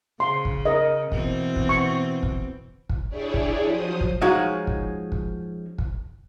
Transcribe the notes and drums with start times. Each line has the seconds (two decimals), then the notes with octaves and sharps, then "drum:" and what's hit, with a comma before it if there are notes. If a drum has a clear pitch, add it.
0.20 C#3 C6
0.45 drum: kick
0.65 A#4 D#5
1.12 B2 E3 C4, drum: kick
1.56 drum: kick
1.69 C#6
2.23 drum: kick
2.89 drum: kick
3.09 D4 E4 G4 G#4 C#5 D5
3.34 drum: kick
3.63 F3 F#3 C5 D#6
4.01 drum: kick
4.22 F3 G#3 C#4 D#4 F#4
4.67 drum: kick
5.12 drum: kick
5.78 drum: kick